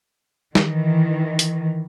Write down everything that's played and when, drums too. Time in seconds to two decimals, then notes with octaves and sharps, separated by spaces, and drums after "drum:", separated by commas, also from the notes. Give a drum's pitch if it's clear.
0.55 D#3 E3, drum: snare
1.39 drum: hi-hat